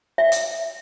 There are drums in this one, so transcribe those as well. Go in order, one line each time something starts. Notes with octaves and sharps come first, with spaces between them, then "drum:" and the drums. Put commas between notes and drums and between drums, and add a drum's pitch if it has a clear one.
E5
drum: hi-hat